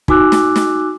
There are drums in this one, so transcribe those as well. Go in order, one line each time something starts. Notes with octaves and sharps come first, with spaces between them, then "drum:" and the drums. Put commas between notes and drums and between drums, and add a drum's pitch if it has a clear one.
D#4 F#4 G#5 D6 E6 F#6, drum: kick
drum: snare
drum: snare